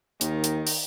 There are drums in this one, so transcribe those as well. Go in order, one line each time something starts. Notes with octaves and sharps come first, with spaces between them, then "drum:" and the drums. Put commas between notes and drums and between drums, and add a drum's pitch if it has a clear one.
D#2 D#3, drum: hi-hat
drum: hi-hat
drum: open hi-hat